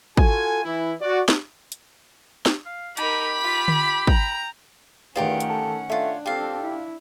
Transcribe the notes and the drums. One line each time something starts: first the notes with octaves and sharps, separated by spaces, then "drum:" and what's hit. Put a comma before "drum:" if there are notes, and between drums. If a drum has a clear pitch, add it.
F4 F#4 A4 G#5, drum: kick
E3 E4
F#4 D5
drum: snare
drum: hi-hat
drum: snare
F5
D#4 G4 A#4 B5, drum: hi-hat
F4 B6
drum: tom D3
G5 A#5, drum: kick
E2 D#3 A3 C#4 F4 G4 A#4 F#5
drum: hi-hat
A4
A3 D4 F4 C#5
C4 F4 G4 A4 F5
E4